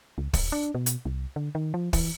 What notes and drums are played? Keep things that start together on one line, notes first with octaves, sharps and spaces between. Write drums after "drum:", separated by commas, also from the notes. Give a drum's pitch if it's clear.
C#2
D#1, drum: kick, open hi-hat
D4
B2
drum: hi-hat
C2
D3
D#3
F3
E3, drum: kick, open hi-hat